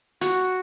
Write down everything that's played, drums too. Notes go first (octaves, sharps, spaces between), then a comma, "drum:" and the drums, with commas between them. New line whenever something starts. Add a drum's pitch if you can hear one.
F#4, drum: hi-hat